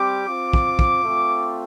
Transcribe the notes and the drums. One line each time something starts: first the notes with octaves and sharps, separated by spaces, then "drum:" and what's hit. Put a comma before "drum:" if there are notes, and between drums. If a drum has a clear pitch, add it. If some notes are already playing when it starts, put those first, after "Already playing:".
Already playing: G3 C4 G4 D6
C4 F4
drum: kick
drum: kick
A3 C4 F4